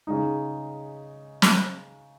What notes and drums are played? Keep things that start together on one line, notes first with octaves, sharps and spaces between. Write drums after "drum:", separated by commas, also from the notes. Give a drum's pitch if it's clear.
C#3 G#3 D#4
drum: snare